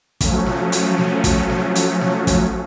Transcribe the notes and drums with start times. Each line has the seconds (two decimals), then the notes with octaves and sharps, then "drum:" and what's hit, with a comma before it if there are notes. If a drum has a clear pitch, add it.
0.21 F3 F#3 A3 C#4, drum: kick, hi-hat
0.46 drum: snare
0.72 drum: hi-hat
0.98 drum: snare
1.24 drum: kick, hi-hat
1.50 drum: snare
1.75 drum: hi-hat
2.01 drum: snare
2.27 drum: kick, hi-hat